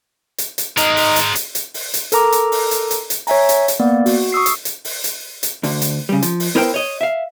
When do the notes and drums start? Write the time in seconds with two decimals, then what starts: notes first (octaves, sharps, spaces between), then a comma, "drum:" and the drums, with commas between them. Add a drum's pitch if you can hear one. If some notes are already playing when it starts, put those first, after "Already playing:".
0.38 drum: hi-hat
0.58 drum: hi-hat
0.77 G#3 D#4 A#4, drum: hi-hat
0.97 drum: open hi-hat
1.16 drum: hi-hat
1.35 drum: hi-hat
1.55 drum: hi-hat
1.74 drum: open hi-hat
1.94 drum: hi-hat
2.12 A4 A#4 A#5 D6, drum: hi-hat
2.32 drum: hi-hat
2.52 drum: open hi-hat
2.71 drum: hi-hat
2.91 drum: hi-hat
3.10 drum: hi-hat
3.27 C#5 E5 G#5 A#5, drum: open hi-hat
3.49 drum: hi-hat
3.68 drum: hi-hat
3.80 A#3 B3 D5
4.06 F#4, drum: open hi-hat
4.32 C#6 D#6 E6 C7
4.46 drum: hi-hat
4.65 drum: hi-hat
4.85 drum: open hi-hat
5.04 drum: hi-hat
5.43 drum: hi-hat
5.63 D2 D3, drum: open hi-hat
5.82 drum: hi-hat
6.09 C#3 G3
6.22 F3, drum: hi-hat
6.40 drum: open hi-hat
6.55 B3 E4 A#4 C5 G5
6.74 C#5 D#5
7.01 E5 F5